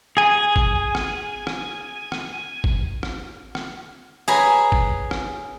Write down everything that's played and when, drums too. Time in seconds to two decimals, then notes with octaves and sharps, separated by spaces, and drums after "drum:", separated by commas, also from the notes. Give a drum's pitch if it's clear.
0.17 G#4 G#5
0.56 drum: kick
0.95 drum: rim click
1.47 drum: rim click
2.12 drum: rim click
2.64 drum: kick
3.03 drum: rim click
3.55 drum: rim click
4.28 G#4 B4 C#5 G#5 A#5 B5
4.72 drum: kick
5.11 drum: rim click